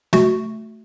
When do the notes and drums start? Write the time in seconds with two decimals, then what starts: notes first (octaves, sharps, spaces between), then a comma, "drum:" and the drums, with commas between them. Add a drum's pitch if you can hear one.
0.13 A3 F#4, drum: snare